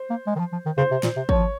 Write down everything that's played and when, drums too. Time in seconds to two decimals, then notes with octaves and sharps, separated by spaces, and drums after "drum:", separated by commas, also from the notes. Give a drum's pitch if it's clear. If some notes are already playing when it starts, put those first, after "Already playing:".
Already playing: C5
0.10 A#3
0.27 G#3
0.35 D#3
0.39 F3
0.52 F3
0.65 D#3
0.78 C#3 C5
0.91 C3
1.03 A#2, drum: snare
1.16 C3
1.29 F3 C#5, drum: kick